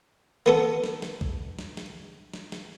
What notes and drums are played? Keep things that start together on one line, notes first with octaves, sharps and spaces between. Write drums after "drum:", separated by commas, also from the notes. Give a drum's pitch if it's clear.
A#3 B3 A4
drum: snare
drum: snare
drum: kick
drum: snare
drum: snare
drum: snare
drum: snare